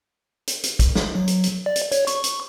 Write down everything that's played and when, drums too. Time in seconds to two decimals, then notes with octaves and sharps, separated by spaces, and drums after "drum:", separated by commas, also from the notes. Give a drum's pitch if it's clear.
0.47 drum: hi-hat
0.63 drum: hi-hat
0.79 drum: kick, hi-hat
0.95 drum: snare
1.15 F#3
1.27 drum: hi-hat
1.43 drum: hi-hat
1.66 D5
1.76 drum: hi-hat
1.92 C#5, drum: hi-hat
2.07 C#6, drum: hi-hat
2.24 drum: hi-hat